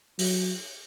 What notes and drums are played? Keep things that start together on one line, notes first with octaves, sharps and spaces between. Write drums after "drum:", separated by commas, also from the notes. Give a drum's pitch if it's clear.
F#3, drum: open hi-hat